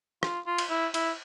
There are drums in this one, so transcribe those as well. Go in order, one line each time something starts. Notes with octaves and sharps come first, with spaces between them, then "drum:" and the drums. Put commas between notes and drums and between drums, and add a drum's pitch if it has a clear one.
F4, drum: rim click
F4
drum: cymbal
E4
E4, drum: cymbal